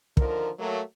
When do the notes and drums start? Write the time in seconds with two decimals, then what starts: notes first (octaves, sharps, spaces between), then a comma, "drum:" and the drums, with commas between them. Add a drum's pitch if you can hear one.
0.17 D3 D#3 F3 A#4, drum: kick
0.59 F#3 A3 A#3